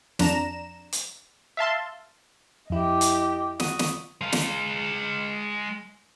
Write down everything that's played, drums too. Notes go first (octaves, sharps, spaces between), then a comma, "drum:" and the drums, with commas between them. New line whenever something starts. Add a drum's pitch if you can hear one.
F2 D4 A#5 E7, drum: snare
drum: hi-hat
E5 F5 A5 C6
F2 E4 G4 D#5
drum: hi-hat
F#4 D#6, drum: snare
drum: snare
G#3 F5
drum: snare